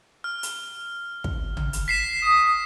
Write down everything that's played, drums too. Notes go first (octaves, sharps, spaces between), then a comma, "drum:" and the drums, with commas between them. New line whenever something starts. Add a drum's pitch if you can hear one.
F6
drum: hi-hat
drum: kick
drum: tom
drum: hi-hat
B6 C7 E7
D#6